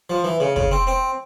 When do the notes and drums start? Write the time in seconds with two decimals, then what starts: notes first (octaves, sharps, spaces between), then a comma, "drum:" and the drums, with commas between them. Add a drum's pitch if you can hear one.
0.10 F3
0.24 E3
0.40 C#3
0.56 C#3, drum: kick
0.71 C4
0.87 C4